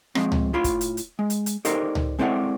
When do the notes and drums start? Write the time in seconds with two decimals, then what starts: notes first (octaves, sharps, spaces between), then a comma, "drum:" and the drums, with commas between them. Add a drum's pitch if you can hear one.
0.15 F3 G#3 C4, drum: rim click
0.32 drum: tom C#2
0.53 A2 F4 B5 C6
0.64 drum: kick, hi-hat
0.81 drum: hi-hat
0.97 drum: hi-hat
1.19 G#3
1.30 drum: hi-hat
1.46 drum: hi-hat
1.65 D#4 G4 A4 A#4 C5 D5, drum: hi-hat
1.95 drum: tom C#2
2.19 G#3 C4 E4 A4 D5 F#5